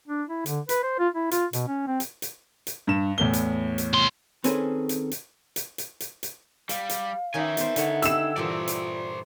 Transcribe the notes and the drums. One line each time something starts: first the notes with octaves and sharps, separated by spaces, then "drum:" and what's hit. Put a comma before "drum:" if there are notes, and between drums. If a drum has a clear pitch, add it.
D4
E4
D3, drum: hi-hat
B4, drum: hi-hat
C5
F4
E4
F4, drum: hi-hat
B2, drum: hi-hat
C#4
C4
drum: hi-hat
drum: hi-hat
drum: hi-hat
G2 E7
E2 A2 G7
drum: hi-hat
drum: hi-hat
C2 C6
D#3 C4 C#4 G#4 A4 B4, drum: hi-hat
drum: hi-hat
drum: hi-hat
drum: hi-hat
drum: hi-hat
drum: hi-hat
drum: hi-hat
G3 F5, drum: hi-hat
drum: hi-hat
D#3 C#4 D#4 E5 G#5
B3 C5 D5, drum: hi-hat
D3 B3 D#4 C#5, drum: hi-hat
G4 E6 E7, drum: hi-hat
G2 A#2 E3 F4 C5 D5
drum: hi-hat